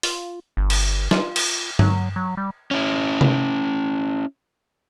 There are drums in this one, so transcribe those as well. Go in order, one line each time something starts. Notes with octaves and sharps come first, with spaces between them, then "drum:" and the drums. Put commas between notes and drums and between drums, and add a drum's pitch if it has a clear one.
F4, drum: open hi-hat
G1
drum: cymbal
F4, drum: snare
drum: cymbal
F#3, drum: tom G2
F#3
G3
C#4 E4
drum: tom C3